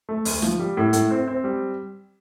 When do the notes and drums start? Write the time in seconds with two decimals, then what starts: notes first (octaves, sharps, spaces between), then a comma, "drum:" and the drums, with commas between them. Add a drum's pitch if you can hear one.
0.09 A3
0.25 D2, drum: open hi-hat
0.42 F3, drum: snare
0.59 G3
0.77 A2
0.93 A2, drum: hi-hat
1.11 C4
1.28 C4
1.44 G3